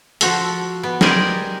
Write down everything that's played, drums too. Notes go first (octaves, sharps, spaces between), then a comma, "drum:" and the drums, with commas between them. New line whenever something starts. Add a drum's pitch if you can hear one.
F3 F#4 A4, drum: hi-hat
B3
G4 A#4 C5 D5 D#5 G#5, drum: snare